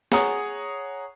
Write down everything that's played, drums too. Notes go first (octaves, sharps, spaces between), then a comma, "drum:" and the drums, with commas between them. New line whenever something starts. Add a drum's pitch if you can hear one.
G#4 C#5 F#5 A#5 D#6, drum: snare